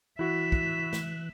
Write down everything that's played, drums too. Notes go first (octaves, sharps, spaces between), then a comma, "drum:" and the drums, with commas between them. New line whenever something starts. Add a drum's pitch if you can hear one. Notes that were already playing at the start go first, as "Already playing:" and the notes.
E3 E4 F#4 E5 F#6
drum: kick
drum: snare